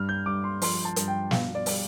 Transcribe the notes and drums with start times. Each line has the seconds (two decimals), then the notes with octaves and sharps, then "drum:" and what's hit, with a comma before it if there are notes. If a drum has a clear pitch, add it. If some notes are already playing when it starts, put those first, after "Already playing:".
Already playing: G2 F6
0.09 G6
0.26 G2 D6
0.44 C6
0.62 F3 C6, drum: open hi-hat
0.85 A5
0.96 G2, drum: hi-hat
1.08 G5
1.31 B2 F5, drum: snare
1.55 D5
1.66 G3, drum: open hi-hat